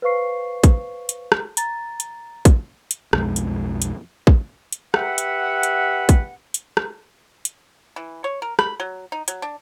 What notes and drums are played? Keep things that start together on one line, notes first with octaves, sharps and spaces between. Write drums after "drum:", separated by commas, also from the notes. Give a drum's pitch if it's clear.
B4 C5 F5 C#6 C7
drum: kick, hi-hat
drum: hi-hat
drum: rim click
A#5 A6, drum: hi-hat
drum: hi-hat
drum: kick, hi-hat
drum: hi-hat
B1 F2 G#3, drum: rim click
drum: hi-hat
drum: hi-hat
drum: kick
drum: hi-hat
G4 B4 E5 F#5, drum: rim click
drum: hi-hat
drum: hi-hat
drum: kick, hi-hat
drum: hi-hat
drum: rim click
drum: hi-hat
E3
C#5
A#4
B5, drum: rim click
F#3
D#4
F#3, drum: hi-hat
D4